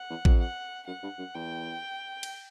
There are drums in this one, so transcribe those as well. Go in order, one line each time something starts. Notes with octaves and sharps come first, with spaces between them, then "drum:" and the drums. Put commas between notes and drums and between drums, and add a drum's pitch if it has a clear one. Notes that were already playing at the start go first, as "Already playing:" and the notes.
Already playing: F#5
E2
F2, drum: kick A1
F#5
F#2 F#5
G2
F#2
E2 G5
drum: cymbal